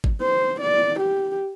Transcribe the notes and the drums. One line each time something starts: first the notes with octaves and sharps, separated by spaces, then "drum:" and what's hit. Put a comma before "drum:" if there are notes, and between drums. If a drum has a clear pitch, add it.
drum: kick
C5
D5
G4